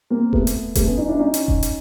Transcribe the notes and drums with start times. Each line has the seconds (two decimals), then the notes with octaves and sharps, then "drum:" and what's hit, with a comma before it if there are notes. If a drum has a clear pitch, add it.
0.10 A#3 C4
0.33 A3 B3, drum: kick E1
0.47 drum: hi-hat
0.75 A3 B3, drum: kick E1, hi-hat
0.86 B3 C#4
0.97 C#4 D#4
1.08 D4 E4
1.19 C#4 D#4
1.34 drum: hi-hat
1.48 drum: kick E1
1.63 drum: hi-hat